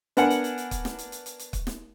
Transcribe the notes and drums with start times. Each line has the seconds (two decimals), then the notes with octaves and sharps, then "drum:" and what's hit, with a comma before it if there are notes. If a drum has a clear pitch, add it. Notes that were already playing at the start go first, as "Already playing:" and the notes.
0.17 B3 D4 A#4 F#5 G#5, drum: hi-hat
0.30 drum: hi-hat
0.44 drum: hi-hat
0.58 drum: hi-hat
0.71 drum: kick, hi-hat
0.85 drum: snare
0.99 drum: hi-hat
1.12 drum: hi-hat
1.26 drum: hi-hat
1.39 drum: hi-hat
1.53 drum: kick, hi-hat
1.67 drum: snare